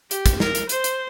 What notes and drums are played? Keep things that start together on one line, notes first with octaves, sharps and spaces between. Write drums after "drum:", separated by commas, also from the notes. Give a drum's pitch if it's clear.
G4, drum: hi-hat
drum: kick, hi-hat
A#4, drum: snare
drum: hi-hat
C5, drum: hi-hat
drum: hi-hat